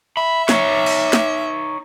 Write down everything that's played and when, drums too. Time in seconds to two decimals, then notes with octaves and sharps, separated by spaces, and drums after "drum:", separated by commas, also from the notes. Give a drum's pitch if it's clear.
0.17 E5 B5
0.49 D#4 C#5, drum: snare
0.86 drum: cymbal
1.13 drum: snare